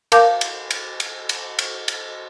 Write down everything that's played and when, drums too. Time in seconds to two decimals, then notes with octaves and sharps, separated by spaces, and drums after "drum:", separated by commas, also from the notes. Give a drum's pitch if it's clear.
0.12 A#4 F5 A5 D6 G6, drum: cymbal
0.41 drum: cymbal
0.71 drum: cymbal
1.00 drum: cymbal
1.29 drum: cymbal
1.59 drum: cymbal
1.88 drum: cymbal